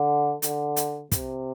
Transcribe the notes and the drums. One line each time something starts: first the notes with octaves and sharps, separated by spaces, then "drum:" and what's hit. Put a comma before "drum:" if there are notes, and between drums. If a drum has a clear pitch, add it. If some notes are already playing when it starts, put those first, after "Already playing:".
Already playing: D3
D3, drum: hi-hat
drum: hi-hat
C3, drum: kick, hi-hat